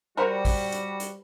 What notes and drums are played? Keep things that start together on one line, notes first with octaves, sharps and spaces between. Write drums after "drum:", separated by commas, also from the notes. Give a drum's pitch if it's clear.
G3 F#4 A#4 C5 F#5 G#5 B5
drum: kick, open hi-hat
drum: hi-hat
drum: hi-hat